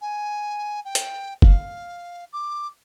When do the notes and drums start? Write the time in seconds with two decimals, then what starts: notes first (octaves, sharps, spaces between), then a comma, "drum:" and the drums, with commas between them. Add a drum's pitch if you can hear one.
0.01 G#5
0.85 G5
0.95 drum: hi-hat
1.42 F5, drum: kick F#1
2.32 D6